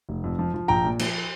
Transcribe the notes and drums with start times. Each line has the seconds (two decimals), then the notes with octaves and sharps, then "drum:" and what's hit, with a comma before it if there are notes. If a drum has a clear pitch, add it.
0.09 F1
0.24 F2
0.39 F3
0.54 F3
0.68 A#1 G5 A#5
0.84 A#2
0.99 F3, drum: cymbal